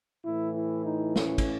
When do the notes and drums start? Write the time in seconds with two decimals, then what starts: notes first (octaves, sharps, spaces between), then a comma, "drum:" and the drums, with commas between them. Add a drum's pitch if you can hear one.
0.24 A2 E3 E4
0.55 E4
0.85 D#4
1.16 C#4, drum: snare
1.38 drum: kick, cymbal